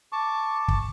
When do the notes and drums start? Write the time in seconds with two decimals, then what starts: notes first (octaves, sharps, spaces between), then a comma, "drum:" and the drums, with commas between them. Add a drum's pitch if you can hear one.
0.12 A5 C#6 D6
0.68 drum: kick